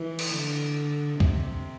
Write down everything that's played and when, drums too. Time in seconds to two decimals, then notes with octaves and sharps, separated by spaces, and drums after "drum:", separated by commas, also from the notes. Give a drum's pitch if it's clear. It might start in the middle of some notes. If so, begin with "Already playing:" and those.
Already playing: E3
0.19 drum: cymbal
0.35 D3
1.20 C3, drum: kick